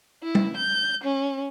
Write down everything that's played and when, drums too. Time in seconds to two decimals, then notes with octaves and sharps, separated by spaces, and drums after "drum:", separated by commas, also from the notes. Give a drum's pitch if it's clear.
0.23 E4
0.35 drum: tom
0.57 G6
1.04 C#4